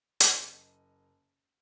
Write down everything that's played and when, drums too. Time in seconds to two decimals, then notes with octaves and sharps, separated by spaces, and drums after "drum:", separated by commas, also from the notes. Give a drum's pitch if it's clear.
0.20 F#1 D#5, drum: hi-hat